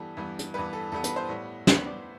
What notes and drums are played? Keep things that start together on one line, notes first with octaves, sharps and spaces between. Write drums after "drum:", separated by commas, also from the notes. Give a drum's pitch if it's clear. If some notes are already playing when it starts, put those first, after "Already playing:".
Already playing: G2 E3 G3 B3 A4
G2 E3 G3 B3
drum: hi-hat
G2 E3 G3 B3 B4
A4
G2 E3 G3 B3 A4
B4, drum: hi-hat
C5
A2 G3 B3
A2 G3 B3 C5, drum: snare
D5